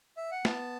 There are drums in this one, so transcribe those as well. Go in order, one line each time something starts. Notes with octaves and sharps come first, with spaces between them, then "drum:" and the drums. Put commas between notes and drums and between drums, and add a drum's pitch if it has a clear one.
E5
F#5
B3 A5, drum: snare